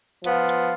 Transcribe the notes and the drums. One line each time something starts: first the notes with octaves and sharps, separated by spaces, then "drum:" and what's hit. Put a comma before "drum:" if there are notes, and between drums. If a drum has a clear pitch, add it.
F3 B3 F4, drum: hi-hat
drum: hi-hat